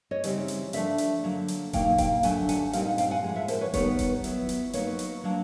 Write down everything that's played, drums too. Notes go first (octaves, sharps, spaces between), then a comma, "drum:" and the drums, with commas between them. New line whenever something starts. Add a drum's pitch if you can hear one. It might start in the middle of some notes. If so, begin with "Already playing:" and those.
C#5 D#5
C#3 E3 G3 C4 D#4, drum: hi-hat
drum: hi-hat
D3 F3 A3 D4 D5 E5, drum: hi-hat
drum: hi-hat
D3 F#3 A#3
drum: hi-hat
A#2 F#3 A#3 D#4 F5 G5, drum: kick E1, hi-hat
F5 G5, drum: kick E1, hi-hat
D3 F#3 A3 D4 F#5 G#5, drum: hi-hat
F#5 G#5, drum: hi-hat
A#2 G3 C4 D#4 F5 G5, drum: hi-hat
F#5
F5 G5, drum: hi-hat
F#5 G#5
A2 F3 G#3
E5 F#5
A#4 C5, drum: hi-hat
B4 C#5
D#3 G3 B3 D#4 B4 C#5, drum: kick E1, hi-hat
drum: kick E1, hi-hat
F#3 B3 E4, drum: hi-hat
drum: hi-hat
F#3 A#3 D#4 B4 C#5, drum: hi-hat
drum: hi-hat
F#3 A#3 D4